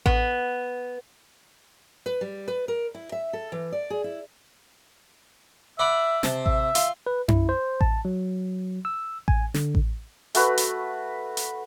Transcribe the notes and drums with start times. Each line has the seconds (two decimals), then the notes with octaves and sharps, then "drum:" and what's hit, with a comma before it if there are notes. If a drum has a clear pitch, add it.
0.06 B3, drum: kick A1
2.06 B4
2.21 G3
2.48 B4
2.68 A#4
2.95 E4
3.12 E5
3.33 A4
3.52 E3
3.72 D5
3.90 G#4
4.04 E4
5.79 D5 E5 F#5 B5
6.23 C3 A5, drum: snare
6.46 E5, drum: kick A1
6.75 F4, drum: hi-hat
7.07 B4
7.28 E4, drum: tom F#2
7.49 C5
7.81 A5, drum: kick A1
8.05 F#3
8.85 E6
9.28 G#5, drum: kick A1
9.54 D3, drum: snare
9.75 drum: kick A1
10.35 A3 F#4 B4, drum: hi-hat
10.58 drum: hi-hat
11.37 drum: hi-hat